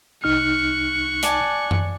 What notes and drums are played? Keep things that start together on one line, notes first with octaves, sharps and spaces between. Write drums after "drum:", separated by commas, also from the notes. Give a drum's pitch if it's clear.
C2 D#4 C#6 F6 F#6
D5 G#5 A5, drum: hi-hat
drum: tom F#2